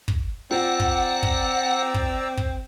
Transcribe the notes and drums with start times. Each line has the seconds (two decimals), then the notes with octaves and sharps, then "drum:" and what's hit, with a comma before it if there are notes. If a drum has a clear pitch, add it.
0.08 drum: kick
0.51 C4 F4 D5 F#5 A#5 E6
0.80 drum: kick
1.23 drum: kick
1.94 drum: kick
2.37 drum: kick